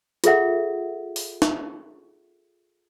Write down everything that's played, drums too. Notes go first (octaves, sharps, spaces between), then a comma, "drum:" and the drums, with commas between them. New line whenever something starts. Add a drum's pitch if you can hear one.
F4 G#4 A4 E5 F#5, drum: hi-hat
drum: open hi-hat
drum: snare